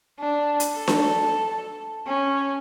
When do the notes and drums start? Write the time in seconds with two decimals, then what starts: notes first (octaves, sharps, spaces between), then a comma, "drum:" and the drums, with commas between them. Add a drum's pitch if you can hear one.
0.19 D4
0.60 drum: hi-hat
0.75 A4
0.88 drum: snare D4
2.07 C#4